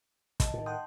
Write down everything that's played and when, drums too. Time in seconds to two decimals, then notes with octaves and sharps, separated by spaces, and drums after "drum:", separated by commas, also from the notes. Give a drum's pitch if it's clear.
0.40 D#5 A5, drum: kick, hi-hat
0.54 A2 D#3
0.66 F#5 G5 A5 C6 D#6 G6